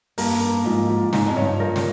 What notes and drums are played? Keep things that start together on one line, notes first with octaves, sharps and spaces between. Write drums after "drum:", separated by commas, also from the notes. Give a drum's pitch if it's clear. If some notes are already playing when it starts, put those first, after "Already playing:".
G2 A#3, drum: open hi-hat
A#3
G#2 F3
F3
G#2 D#4, drum: snare
F2
G2 C#5
G2 A#4
drum: snare